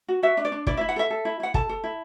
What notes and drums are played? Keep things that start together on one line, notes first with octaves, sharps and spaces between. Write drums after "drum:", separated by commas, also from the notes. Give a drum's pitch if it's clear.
F#4
F#4 E5
D4
D5
D4
E4 D5, drum: kick
E5
E4
F#5
A4 E5
A4
E4
E4 F#5
A4 A5, drum: kick
A4
E4